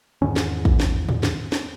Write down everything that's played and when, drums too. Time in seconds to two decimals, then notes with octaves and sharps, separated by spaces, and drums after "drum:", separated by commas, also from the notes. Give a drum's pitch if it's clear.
0.22 E2 G#2 D#3 C#4
0.36 drum: snare
0.65 drum: kick
0.80 drum: snare
1.09 drum: tom G#2
1.23 drum: snare
1.52 drum: snare